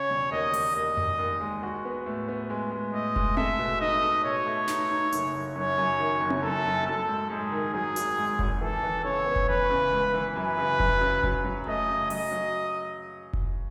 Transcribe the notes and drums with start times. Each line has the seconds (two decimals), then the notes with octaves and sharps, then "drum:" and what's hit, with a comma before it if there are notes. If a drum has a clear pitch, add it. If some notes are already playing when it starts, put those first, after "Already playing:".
Already playing: C#3 C#5
0.10 E1
0.31 D#2 D#5
0.54 D#2, drum: open hi-hat
0.75 D#2 D#5
0.97 D#2, drum: tom F2
1.18 D#2
1.41 G#3
1.63 F#4
1.85 B3
2.06 A2
2.28 B3
2.50 G#3
2.71 G#3
2.94 A2 D#5
3.16 G#3, drum: kick F1
3.37 A4 E5, drum: tom C4
3.59 B2
3.80 D#4 D#5
4.02 A4
4.24 B2 C#5
4.46 A3
4.68 D#4, drum: snare
4.90 D#4
5.12 F#1, drum: hi-hat
5.34 F#1
5.55 F#2 C#5
5.78 F#2
6.00 D#3
6.21 F#1
6.30 drum: tom C4
6.42 F#2 A4
6.65 F#2
6.86 F#3 A4
7.08 G#2
7.30 G#2 G#4
7.52 D#3
7.73 F#3 G#4
7.96 G#1, drum: hi-hat
8.17 G#2
8.39 G#1, drum: kick F1
8.61 E3 A4
8.83 E3
9.04 C#3 C#5
9.26 B3
9.36 drum: kick F1
9.48 E3 B4
9.70 C#3
9.92 C#2
10.14 E3
10.36 F#2 B4
10.58 C#3
10.80 F#3, drum: kick F1
11.01 C#3
11.23 F#3, drum: kick F1
11.45 F#3
11.66 A3 D#5
11.88 C#3
12.10 F#3 D#5, drum: open hi-hat
12.32 F#3
13.33 drum: kick F1